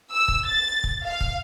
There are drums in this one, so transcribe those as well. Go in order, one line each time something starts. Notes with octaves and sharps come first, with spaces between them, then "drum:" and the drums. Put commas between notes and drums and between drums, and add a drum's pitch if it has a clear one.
E6
drum: kick
A6
drum: kick
F5
drum: kick